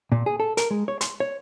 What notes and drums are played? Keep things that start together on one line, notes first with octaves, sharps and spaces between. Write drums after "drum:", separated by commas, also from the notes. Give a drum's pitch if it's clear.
A#2
G#4
A4
A#4, drum: hi-hat
G#3
C#5
C6, drum: hi-hat
C#5